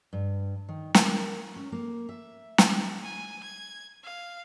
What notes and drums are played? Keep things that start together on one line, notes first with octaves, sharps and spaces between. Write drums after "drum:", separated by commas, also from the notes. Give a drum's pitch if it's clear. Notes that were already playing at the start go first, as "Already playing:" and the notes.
G2
D#3
A#4, drum: snare
C#4
A#3
E5
drum: snare
G#5
G#6
F5